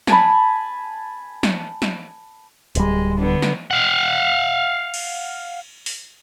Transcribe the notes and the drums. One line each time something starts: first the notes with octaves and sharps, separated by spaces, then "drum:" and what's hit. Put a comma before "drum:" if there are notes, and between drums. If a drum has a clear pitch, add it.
G#5 A5 B5, drum: snare
drum: snare
drum: snare
D1 G3 G#3, drum: hi-hat
D3 B3
drum: snare
F5 F#5
drum: cymbal
drum: open hi-hat